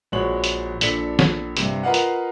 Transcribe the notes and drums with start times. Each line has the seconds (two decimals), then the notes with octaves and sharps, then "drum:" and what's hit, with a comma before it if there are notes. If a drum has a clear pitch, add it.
0.12 A#1 G#3 F#4 C#5 F#7
0.44 drum: hi-hat
0.81 A#1 D4 A4 B6 C#7, drum: hi-hat
1.19 drum: snare
1.57 G2 C3, drum: hi-hat
1.83 F4 A#4 B4 D#5 F5 F#5
1.94 drum: hi-hat